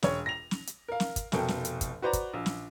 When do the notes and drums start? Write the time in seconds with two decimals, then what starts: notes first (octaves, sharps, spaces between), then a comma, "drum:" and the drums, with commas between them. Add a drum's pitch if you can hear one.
0.03 E1 C#5, drum: snare
0.26 A#6 F7
0.51 drum: snare
0.67 drum: hi-hat
0.88 A#4 F5
1.00 drum: snare
1.16 drum: kick, hi-hat
1.32 F1 B2 A4 A#4 G5, drum: snare
1.48 drum: snare
1.65 drum: hi-hat
1.81 drum: kick, hi-hat
2.02 F#4 B4 C5 D5 A#5
2.13 drum: kick, hi-hat
2.33 A#1
2.46 drum: snare